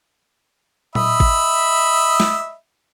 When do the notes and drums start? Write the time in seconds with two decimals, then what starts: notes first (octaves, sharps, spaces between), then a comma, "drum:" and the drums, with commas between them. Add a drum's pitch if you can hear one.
0.95 D#5 E5 B5, drum: tom A#2
1.20 drum: kick G#1
2.20 drum: snare